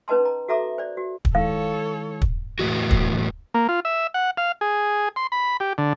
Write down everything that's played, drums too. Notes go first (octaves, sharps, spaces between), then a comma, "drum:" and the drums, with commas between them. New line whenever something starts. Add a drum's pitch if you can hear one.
C#4 D#4 B4 D#5 A5 C6
A#5
F#4 A4 E5 A#5 D6
C5 D5
F#4
drum: kick
D#3 G#3 E4 A4 C#5 F5
drum: kick
E2 A2 D#3 G#3 F#4
drum: kick
A#3
F4
E5
F#5
F5
G#4
C6
B5
G4
D3